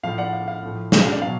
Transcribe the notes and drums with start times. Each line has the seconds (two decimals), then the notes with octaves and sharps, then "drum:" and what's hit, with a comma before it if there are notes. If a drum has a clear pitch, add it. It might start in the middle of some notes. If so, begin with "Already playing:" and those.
0.03 A2 F3 F5
0.18 D5 F#5
0.33 F5
0.48 F5
0.63 A2 F3
0.92 D5, drum: snare
1.02 F5
1.12 D5
1.22 B2 F#3 F5